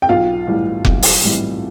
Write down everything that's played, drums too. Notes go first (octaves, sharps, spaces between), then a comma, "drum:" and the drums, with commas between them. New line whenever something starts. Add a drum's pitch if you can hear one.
G5
B1 F4 F5
A2 E3 G3
B1, drum: kick F1
drum: open hi-hat
A2 E3 G3